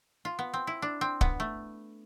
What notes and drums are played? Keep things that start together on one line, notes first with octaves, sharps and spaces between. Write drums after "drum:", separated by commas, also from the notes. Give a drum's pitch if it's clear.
F4
B3
C4
E4
D4
C4
B3, drum: kick C#1
A3